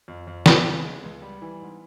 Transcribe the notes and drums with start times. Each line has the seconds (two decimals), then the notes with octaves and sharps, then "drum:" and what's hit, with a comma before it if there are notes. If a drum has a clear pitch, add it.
0.08 F2
0.27 F2
0.46 E3 B3, drum: snare
0.65 C#3
0.84 G#3
1.03 C#2
1.22 G3
1.42 E3
1.61 G#2